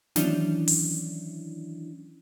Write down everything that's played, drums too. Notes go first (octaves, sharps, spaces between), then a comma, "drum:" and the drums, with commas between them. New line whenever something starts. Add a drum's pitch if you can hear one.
D#3 E3 F#3 C#4 D4 E4, drum: snare
drum: open hi-hat